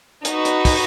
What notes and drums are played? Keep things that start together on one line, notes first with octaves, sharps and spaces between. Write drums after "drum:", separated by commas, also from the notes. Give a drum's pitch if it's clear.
D#4 F#4 B4, drum: hi-hat
drum: hi-hat
drum: kick, open hi-hat